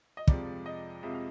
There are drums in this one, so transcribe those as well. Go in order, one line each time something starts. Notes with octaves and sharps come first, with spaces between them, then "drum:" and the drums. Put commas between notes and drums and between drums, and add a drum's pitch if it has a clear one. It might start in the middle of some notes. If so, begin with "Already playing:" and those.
D#5
F2 C3 F3 G#3 D5, drum: kick
D#5
F2 C3 F3 G#3 E5
F5